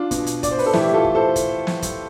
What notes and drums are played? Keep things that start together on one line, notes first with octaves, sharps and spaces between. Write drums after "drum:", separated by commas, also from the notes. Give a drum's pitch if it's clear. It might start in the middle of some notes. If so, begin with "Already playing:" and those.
Already playing: D4 F4
B2, drum: kick, hi-hat
drum: hi-hat
D5, drum: kick, hi-hat
C5
B4, drum: open hi-hat
A4
A2 E3 E4 G4, drum: snare
F4 A4
drum: kick
A4 C5
drum: kick, hi-hat
drum: snare
drum: kick, hi-hat